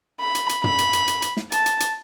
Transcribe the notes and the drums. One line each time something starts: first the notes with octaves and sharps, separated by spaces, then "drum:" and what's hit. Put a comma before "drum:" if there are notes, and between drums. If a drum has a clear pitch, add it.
B5
drum: hi-hat
drum: hi-hat
B5, drum: tom
drum: hi-hat
drum: hi-hat
drum: hi-hat
drum: hi-hat
drum: snare
A5, drum: hi-hat
drum: hi-hat
drum: hi-hat